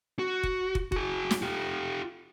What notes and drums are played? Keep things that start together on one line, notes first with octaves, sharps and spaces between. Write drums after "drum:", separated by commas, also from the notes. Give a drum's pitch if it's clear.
F#4
drum: kick
drum: kick
F#4 G#4, drum: kick
drum: snare
F4 G4